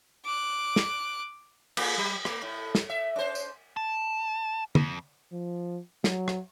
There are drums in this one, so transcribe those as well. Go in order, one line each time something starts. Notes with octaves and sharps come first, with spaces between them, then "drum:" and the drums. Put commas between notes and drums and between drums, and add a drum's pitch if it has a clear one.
D6 F#6
drum: snare
A3 F4 G#4, drum: cymbal
F#3 G4
A3, drum: rim click
A2
drum: snare
E5
C#4 C5
drum: tambourine
A5
F2, drum: tom
F3
F#3, drum: snare
drum: rim click